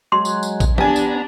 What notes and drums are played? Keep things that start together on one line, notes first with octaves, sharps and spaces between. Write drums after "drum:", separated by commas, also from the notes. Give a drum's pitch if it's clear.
F#3 G#3 C6
drum: tambourine
drum: tambourine
drum: kick, tambourine
B3 D4 G4 G#5 A#5, drum: tom
drum: tambourine